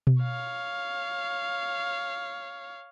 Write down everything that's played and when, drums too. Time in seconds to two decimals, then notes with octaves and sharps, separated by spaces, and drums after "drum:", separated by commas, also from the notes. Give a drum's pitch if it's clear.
0.07 drum: tom B2
0.22 C#5 F5